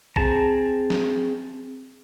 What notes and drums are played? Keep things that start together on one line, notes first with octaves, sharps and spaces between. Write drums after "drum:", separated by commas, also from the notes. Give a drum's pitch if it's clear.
C4 G#4 A5 A#5, drum: kick A#1
drum: snare